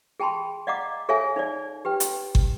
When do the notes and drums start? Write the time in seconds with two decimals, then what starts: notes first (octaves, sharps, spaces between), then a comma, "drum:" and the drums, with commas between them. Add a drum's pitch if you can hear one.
0.20 G#4 G5 A5 B5 C6
0.67 D5 D#5 F5 F#5 A#5 D6
1.09 G#4 A4 C#5 E5 F5 G#5
1.36 D#4 C#5 D5
1.85 G4 B4 G5
2.00 drum: hi-hat
2.35 drum: kick G1